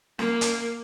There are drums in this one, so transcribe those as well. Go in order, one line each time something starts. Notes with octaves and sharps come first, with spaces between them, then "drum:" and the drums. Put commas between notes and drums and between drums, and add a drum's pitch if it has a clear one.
A#3, drum: snare C#4
drum: hi-hat